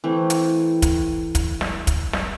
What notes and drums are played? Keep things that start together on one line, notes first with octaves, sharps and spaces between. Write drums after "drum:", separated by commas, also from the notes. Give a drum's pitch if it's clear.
E3 A3 C4
drum: hi-hat
drum: kick, hi-hat
drum: kick, hi-hat
drum: snare
drum: kick, hi-hat
drum: snare